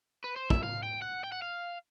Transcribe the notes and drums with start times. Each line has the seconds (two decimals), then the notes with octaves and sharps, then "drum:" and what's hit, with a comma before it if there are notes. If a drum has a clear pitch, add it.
0.24 B4
0.36 C5
0.50 E5, drum: kick
0.63 F5
0.83 G5
1.02 F#5
1.24 G5
1.32 F#5
1.42 F5